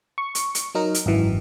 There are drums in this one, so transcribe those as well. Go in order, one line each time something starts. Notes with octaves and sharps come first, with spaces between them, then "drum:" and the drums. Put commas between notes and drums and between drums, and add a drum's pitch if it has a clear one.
C#6
drum: hi-hat
drum: hi-hat
F#3 D#4 A#4
drum: hi-hat
G#1 F#2 E3